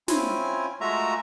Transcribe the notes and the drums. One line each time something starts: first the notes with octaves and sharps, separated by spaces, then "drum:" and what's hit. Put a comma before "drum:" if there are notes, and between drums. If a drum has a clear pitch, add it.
C4 C#4 E4 F4 G#5, drum: snare
G#3 A3 F4 F#4 E5 A#5